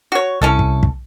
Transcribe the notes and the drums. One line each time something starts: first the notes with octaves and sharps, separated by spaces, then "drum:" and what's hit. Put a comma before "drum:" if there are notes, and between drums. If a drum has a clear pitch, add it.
F#4 C#5
C2 C#4 E4 A4
drum: kick
drum: kick